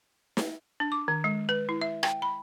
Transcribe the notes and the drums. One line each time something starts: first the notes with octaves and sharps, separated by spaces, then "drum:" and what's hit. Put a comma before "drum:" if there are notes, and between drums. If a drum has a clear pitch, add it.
drum: snare
D4
D6
D#3
G#3
B4
E4
E5
G5, drum: rim click
B5